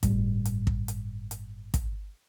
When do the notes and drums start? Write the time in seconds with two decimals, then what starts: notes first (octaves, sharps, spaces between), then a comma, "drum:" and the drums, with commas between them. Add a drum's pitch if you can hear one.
0.03 G1 A2 G3, drum: kick, hi-hat
0.45 drum: hi-hat
0.67 drum: kick
0.88 drum: hi-hat
1.31 drum: hi-hat
1.74 drum: kick, hi-hat